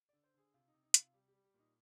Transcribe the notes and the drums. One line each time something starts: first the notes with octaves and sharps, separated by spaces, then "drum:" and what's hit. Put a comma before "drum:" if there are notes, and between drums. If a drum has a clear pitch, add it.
D3 D5
C5
D3 G#4
C3 F4
D#4
C3
D#4
C3 F4, drum: hi-hat
G3 G4
G4
G3
G4
A#2
D#4